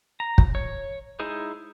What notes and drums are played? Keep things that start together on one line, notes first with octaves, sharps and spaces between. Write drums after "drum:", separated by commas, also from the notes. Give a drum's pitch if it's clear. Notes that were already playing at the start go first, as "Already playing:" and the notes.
A#5
drum: kick
C#5
G#3 D#4 E4 G#4 C5